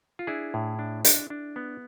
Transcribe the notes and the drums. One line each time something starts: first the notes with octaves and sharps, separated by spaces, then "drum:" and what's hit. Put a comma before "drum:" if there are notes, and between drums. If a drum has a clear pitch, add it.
F4
D4 E4 G#4
A2
D4
D4, drum: hi-hat
D4
B3